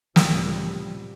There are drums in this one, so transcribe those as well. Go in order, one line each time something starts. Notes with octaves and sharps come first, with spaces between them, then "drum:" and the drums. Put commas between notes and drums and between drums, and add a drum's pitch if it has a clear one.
C#2 A2 C3 F3 G3, drum: snare